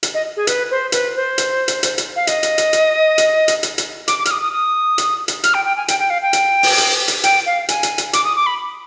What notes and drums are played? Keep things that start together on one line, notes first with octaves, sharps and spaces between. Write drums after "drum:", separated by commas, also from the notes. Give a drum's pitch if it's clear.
drum: hi-hat
D#5
G#4
B4, drum: hi-hat
C5
B4, drum: hi-hat
C5
drum: hi-hat
drum: hi-hat
drum: hi-hat
drum: hi-hat
F5
D#5, drum: hi-hat
drum: hi-hat
drum: hi-hat
drum: hi-hat
drum: hi-hat
drum: hi-hat
drum: hi-hat
drum: hi-hat
D6, drum: hi-hat
D6
F6, drum: hi-hat
D#6
D#6
D#6
drum: hi-hat
drum: hi-hat
F6, drum: hi-hat
G5
G5
G#5
G5, drum: hi-hat
G5
F5
G5
drum: hi-hat
drum: open hi-hat
drum: hi-hat
drum: hi-hat
G5, drum: hi-hat
F5
G#5, drum: hi-hat
drum: hi-hat
drum: hi-hat
D6, drum: hi-hat
D#6
D6
B5